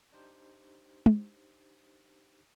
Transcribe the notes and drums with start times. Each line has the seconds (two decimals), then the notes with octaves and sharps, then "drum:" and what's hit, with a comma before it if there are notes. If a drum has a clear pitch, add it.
0.12 D4 D#4 G4 C5
1.06 drum: tom